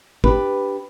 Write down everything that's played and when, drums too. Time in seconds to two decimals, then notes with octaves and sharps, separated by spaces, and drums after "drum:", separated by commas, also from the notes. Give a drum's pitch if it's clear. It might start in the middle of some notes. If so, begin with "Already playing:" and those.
0.24 D4 G4 B4, drum: kick